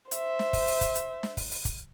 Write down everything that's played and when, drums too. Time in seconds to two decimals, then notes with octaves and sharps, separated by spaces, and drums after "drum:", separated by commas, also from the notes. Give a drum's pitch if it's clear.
0.11 C5 E5, drum: hi-hat
0.39 drum: snare
0.53 drum: kick, open hi-hat
0.67 drum: open hi-hat
0.81 drum: kick, hi-hat
0.95 drum: hi-hat
1.23 drum: snare
1.37 drum: kick, open hi-hat
1.51 drum: open hi-hat
1.65 drum: kick, hi-hat